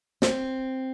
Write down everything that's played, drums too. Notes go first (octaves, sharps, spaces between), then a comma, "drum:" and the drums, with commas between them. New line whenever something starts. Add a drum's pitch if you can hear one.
C4, drum: snare